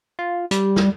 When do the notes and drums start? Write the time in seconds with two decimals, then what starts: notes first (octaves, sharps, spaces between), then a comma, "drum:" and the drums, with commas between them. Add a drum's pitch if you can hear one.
0.19 F4
0.51 G3, drum: hi-hat
0.76 drum: snare